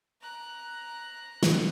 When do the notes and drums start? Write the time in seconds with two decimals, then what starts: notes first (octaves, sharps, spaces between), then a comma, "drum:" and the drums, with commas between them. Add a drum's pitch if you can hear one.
0.21 A#5 F#6
1.43 drum: snare